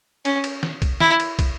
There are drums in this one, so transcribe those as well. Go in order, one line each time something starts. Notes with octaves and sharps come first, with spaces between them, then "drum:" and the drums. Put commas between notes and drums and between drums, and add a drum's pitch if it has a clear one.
C#4, drum: cymbal
drum: cymbal
drum: snare
drum: kick, cymbal
E4, drum: snare
drum: cymbal
drum: kick, cymbal